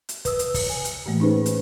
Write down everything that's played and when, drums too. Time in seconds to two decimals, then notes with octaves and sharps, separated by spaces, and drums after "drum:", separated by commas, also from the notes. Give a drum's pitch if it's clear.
0.09 drum: hi-hat
0.25 B4 D#6 E6, drum: kick, hi-hat
0.39 drum: hi-hat
0.54 drum: kick, open hi-hat
0.70 G#5
0.85 drum: hi-hat
1.06 A2 E3 A3 A#3
1.20 C#4 D#4 G#4 B4 C5
1.46 drum: hi-hat